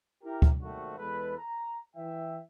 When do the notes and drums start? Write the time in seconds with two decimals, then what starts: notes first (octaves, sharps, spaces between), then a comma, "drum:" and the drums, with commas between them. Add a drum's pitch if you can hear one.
0.23 E4 G4 A#4
0.42 drum: kick D2
0.62 G#1 D#2 G3 A3 C4 F#4
0.98 E2 G#3 A4 B4
1.38 A#5
1.96 E3 E5 G5